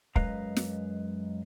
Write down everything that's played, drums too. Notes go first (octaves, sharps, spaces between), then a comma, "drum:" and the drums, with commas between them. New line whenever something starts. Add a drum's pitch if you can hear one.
F#2 G#3 B4 D#5 F5 A#5, drum: kick
drum: snare